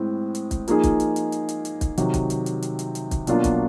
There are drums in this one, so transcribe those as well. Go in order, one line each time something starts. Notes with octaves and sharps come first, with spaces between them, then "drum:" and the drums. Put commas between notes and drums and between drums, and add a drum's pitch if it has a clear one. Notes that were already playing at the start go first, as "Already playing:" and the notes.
Already playing: A2 G#3 C4 E4
drum: hi-hat
drum: kick, hi-hat
F3 A#3 D#4 G#4, drum: hi-hat
drum: kick, hi-hat
drum: hi-hat
drum: hi-hat
drum: hi-hat
drum: hi-hat
drum: hi-hat
drum: kick, hi-hat
C3 D#3 F#3, drum: hi-hat
drum: kick, hi-hat
drum: hi-hat
drum: hi-hat
drum: hi-hat
drum: hi-hat
drum: hi-hat
drum: kick, hi-hat
B2 F#3 A#3 D4 F4, drum: hi-hat
drum: kick, hi-hat